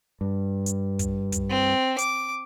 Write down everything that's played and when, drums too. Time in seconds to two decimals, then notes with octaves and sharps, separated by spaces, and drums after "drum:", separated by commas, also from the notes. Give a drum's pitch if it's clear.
0.21 G2
0.66 drum: hi-hat
0.99 drum: kick, hi-hat
1.32 drum: kick, hi-hat
1.50 C4
1.98 D6, drum: hi-hat